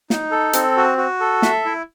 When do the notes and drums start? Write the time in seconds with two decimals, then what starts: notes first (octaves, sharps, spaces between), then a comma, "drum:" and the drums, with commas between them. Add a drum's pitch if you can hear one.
0.10 D#4, drum: snare
0.31 A4
0.53 C4, drum: hi-hat
0.77 F#4
0.98 F#4
1.20 A4
1.42 E5, drum: snare
1.65 E4